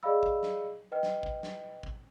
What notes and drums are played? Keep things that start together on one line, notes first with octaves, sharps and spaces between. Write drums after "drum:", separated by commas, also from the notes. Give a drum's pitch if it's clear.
G#4 D5 D#5 F5 B5 E6
drum: kick
drum: snare
B4 D#5 G5 F6
drum: snare
drum: kick
drum: snare
drum: kick